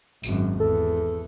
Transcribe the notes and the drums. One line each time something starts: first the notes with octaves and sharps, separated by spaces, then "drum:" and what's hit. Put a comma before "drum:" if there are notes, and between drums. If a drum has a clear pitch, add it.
G#1 F#2, drum: tambourine
E2 A4